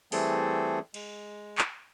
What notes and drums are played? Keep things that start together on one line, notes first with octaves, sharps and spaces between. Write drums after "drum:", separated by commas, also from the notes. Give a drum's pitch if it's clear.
E3 G3 A3 C4 G#4 A4, drum: open hi-hat
G#3, drum: cymbal
drum: clap